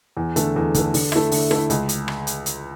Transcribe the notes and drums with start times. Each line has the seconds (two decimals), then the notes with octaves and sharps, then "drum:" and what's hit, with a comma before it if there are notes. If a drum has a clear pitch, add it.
0.17 E2
0.36 D3 A3, drum: hi-hat
0.56 E2
0.74 D3 A3, drum: kick, hi-hat
0.94 D3, drum: open hi-hat
1.12 A3 E4, drum: rim click
1.31 D3, drum: open hi-hat
1.51 A3 E4, drum: rim click
1.70 C#2, drum: hi-hat
1.89 drum: hi-hat
2.08 drum: rim click
2.27 drum: hi-hat
2.46 drum: hi-hat